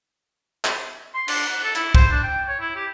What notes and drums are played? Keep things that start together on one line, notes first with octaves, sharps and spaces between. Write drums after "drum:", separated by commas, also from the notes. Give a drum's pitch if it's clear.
drum: clap
C6
D4, drum: cymbal
F#5
A4
E4, drum: hi-hat
C5, drum: kick
D4
G5
C#5
E4
G4